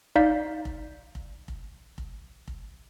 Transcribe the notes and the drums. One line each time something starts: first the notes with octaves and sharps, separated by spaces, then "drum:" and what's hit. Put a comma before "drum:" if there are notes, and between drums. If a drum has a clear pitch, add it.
D#4 D5 F5 G6 B6, drum: kick F1
drum: kick F1
drum: kick F1
drum: kick F1
drum: kick F1
drum: kick F1